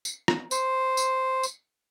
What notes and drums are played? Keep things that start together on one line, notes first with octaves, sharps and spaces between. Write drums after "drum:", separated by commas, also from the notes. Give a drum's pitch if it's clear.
drum: tambourine
drum: rim click
C5, drum: tambourine
drum: tambourine
drum: tambourine